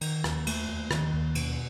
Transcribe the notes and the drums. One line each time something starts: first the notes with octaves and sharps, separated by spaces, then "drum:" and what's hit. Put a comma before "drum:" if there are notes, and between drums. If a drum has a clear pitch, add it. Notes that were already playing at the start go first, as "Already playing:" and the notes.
D#3, drum: cymbal
D#2, drum: rim click
A3, drum: cymbal
D#2
D#3, drum: rim click
D#2
B2, drum: cymbal